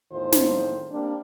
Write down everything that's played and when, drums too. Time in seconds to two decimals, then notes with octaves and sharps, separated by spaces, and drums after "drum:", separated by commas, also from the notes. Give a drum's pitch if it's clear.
0.12 E2 A2 D#3 F4 C5
0.32 drum: snare
0.91 G3 A#3 C4 D4